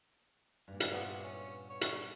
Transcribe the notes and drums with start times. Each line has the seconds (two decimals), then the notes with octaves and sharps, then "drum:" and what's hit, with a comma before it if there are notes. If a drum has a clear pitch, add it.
0.68 G2 A#2
0.80 drum: hi-hat
0.92 C3 B3 F4 F#4
1.24 C#4
1.70 C#5
1.81 drum: hi-hat